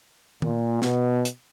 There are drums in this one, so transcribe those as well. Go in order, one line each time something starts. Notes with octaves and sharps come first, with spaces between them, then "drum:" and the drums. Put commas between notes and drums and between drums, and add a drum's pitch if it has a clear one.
A#2, drum: tom
B2, drum: snare
drum: hi-hat